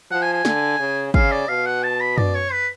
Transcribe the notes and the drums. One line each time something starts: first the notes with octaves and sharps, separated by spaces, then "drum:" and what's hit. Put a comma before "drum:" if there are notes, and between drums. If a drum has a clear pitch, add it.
F3 F#5
G#5
G#5
D3, drum: snare
C#3
C#3 F5, drum: kick
D5
B2 F5
F#5
A5
B5
D5, drum: tom F#2
C#5
B4